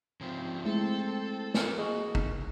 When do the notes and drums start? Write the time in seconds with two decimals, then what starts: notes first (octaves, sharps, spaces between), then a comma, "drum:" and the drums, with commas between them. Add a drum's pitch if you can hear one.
0.21 C#3 F3 C4
0.65 G#3 A3 C4 E4 A4
1.54 drum: snare
1.78 A#3 F#4 G#4 D#5
2.15 drum: kick